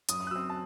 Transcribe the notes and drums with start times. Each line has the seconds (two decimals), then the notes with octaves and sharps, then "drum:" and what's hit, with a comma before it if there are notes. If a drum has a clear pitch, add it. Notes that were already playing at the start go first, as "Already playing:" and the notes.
0.09 F#2 D#6, drum: hi-hat
0.20 D#6
0.27 F#6
0.31 F#3 C4 E6
0.50 A5